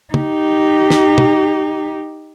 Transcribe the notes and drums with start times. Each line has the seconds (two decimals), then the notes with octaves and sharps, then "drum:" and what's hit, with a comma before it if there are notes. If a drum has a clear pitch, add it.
0.14 D#4 G4, drum: tom
0.90 drum: snare
1.18 drum: tom